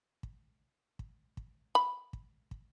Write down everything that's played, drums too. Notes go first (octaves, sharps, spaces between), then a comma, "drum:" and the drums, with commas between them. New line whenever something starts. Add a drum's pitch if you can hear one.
drum: kick
drum: kick
drum: kick
B5
drum: kick
drum: kick